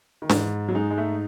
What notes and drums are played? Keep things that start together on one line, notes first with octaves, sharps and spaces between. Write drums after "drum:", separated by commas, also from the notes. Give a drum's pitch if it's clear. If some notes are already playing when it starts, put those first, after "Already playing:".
D#3
G#2 E3, drum: snare D4
F#3
G#3 D#4
G#3
A3